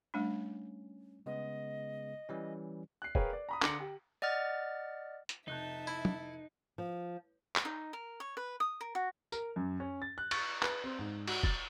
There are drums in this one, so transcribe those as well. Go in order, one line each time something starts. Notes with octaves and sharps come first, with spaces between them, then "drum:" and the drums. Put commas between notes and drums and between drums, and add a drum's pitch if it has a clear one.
G3 A3 C#4 D4
C#3 G#3 B3 D#5
E3 G3 C#4
F#6 C7
G#4 A#4 B4 C#5 F5 G5, drum: kick
D5
A#5 B5 D#6
D3 C6 D6 A#6 C#7 F#7, drum: clap
G4
D5 D#5 F#5 F6 A6
drum: hi-hat
F1 D#4 E5 A5 F#6 G6
E4
drum: tom
F3
drum: clap
D#4
A#4
C#5
B4
D#6
A#4
F#4
A#4, drum: tambourine
F#2
C#4
A6
F#6
C#6, drum: cymbal
B4, drum: clap
C4
G#2
F#4, drum: cymbal
A6, drum: kick